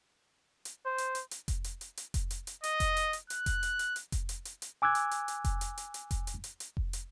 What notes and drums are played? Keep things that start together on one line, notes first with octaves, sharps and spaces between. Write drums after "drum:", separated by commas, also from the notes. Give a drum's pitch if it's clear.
drum: hi-hat
C5
drum: hi-hat
drum: hi-hat
drum: hi-hat
drum: kick F1, hi-hat
drum: hi-hat
drum: hi-hat
drum: hi-hat
drum: kick F1, hi-hat
drum: hi-hat
drum: hi-hat
D#5, drum: hi-hat
drum: kick F1, hi-hat
drum: hi-hat
drum: hi-hat
F#6, drum: hi-hat
drum: kick F1, hi-hat
drum: hi-hat
drum: hi-hat
drum: hi-hat
drum: kick F1, hi-hat
drum: hi-hat
drum: hi-hat
drum: hi-hat
G#5 D6 E6 F#6 G#6
drum: hi-hat
drum: hi-hat
drum: hi-hat
drum: kick F1, hi-hat
drum: hi-hat
drum: hi-hat
drum: hi-hat
drum: kick F1, hi-hat
drum: hi-hat
drum: hi-hat
drum: hi-hat
drum: kick F1
drum: hi-hat